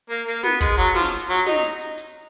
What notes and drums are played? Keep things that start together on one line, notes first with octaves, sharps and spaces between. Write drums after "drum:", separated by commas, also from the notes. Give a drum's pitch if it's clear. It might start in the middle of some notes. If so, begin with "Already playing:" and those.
A#3
A#3
B3, drum: snare
G#3, drum: kick, hi-hat
F#3, drum: hi-hat
F3, drum: snare
drum: open hi-hat
F#3
D#4, drum: snare
drum: hi-hat
drum: hi-hat
drum: hi-hat